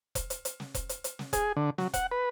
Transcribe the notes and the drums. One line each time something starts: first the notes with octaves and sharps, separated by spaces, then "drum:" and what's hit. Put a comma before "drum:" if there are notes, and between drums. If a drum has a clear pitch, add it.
drum: kick E1, hi-hat
drum: hi-hat
drum: hi-hat
drum: snare
drum: kick E1, hi-hat
drum: hi-hat
drum: hi-hat
drum: snare
G#4, drum: kick E1, hi-hat
D3
F#3, drum: snare
F#5, drum: kick E1, hi-hat
B4